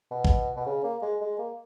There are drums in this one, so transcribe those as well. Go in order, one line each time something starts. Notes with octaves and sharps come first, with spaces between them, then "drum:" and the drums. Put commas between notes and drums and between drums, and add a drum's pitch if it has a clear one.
B2
drum: kick A1
B2
C#3
A#3
G#3
G#3
A#3